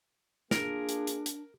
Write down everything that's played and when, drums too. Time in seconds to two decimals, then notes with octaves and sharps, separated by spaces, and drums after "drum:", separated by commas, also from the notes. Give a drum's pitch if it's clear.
0.51 A#3 D4 F4 G#4 A#4, drum: snare
0.89 drum: hi-hat
1.07 drum: hi-hat
1.26 drum: hi-hat